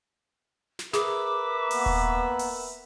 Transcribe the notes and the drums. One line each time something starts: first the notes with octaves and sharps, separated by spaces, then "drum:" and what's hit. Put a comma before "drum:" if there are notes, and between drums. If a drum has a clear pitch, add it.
drum: snare
G#4 A#4 B4 E5 D6, drum: snare
A#3 B3, drum: open hi-hat
drum: kick D#1
drum: open hi-hat